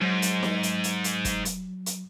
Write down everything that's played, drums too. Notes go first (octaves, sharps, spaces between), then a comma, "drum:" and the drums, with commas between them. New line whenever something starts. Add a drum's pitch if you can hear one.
G#2 F#3
drum: hi-hat
drum: snare
drum: hi-hat
drum: hi-hat
drum: hi-hat
drum: kick, hi-hat
drum: hi-hat
drum: hi-hat